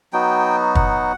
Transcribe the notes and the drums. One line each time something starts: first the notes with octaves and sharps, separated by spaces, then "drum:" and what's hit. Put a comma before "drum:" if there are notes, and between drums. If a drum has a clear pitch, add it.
F#3 B3 D#4 F#4 G5
F#5, drum: kick